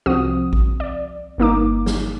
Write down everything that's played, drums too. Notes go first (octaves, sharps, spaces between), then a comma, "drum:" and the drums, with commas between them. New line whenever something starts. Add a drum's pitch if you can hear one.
C2 F3 C4 F#4 D#6
drum: kick A1
D5
G1 A#3 D#4 D6
drum: snare